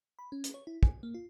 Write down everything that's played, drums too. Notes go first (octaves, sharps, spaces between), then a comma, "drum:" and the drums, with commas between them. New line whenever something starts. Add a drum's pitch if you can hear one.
B5
C#4
drum: hi-hat
C#5
E4
G#5, drum: kick
A#3
F4